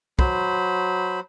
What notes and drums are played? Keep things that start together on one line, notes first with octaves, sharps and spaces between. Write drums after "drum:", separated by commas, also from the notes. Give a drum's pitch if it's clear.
F#3 C5 B5, drum: kick